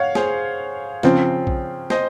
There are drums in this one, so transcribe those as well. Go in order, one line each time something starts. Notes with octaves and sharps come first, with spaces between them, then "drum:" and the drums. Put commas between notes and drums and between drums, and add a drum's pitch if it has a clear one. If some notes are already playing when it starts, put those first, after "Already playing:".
Already playing: C#5 F5 F#5
G#4 C5, drum: snare
C#3 F3 C4, drum: snare
drum: kick A#1
C5 D#5, drum: snare